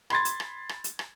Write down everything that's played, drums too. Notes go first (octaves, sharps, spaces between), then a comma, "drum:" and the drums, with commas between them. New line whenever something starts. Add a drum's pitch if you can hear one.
B5 C6 G#6 A6, drum: rim click
drum: hi-hat
drum: rim click
drum: rim click
drum: hi-hat
drum: rim click